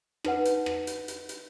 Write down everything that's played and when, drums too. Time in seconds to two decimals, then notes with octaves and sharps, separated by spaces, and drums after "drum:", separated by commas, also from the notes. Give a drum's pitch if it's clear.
0.24 D#4 B4 F#5, drum: rim click
0.45 drum: hi-hat
0.66 drum: rim click
0.87 drum: hi-hat
1.08 drum: hi-hat
1.29 drum: hi-hat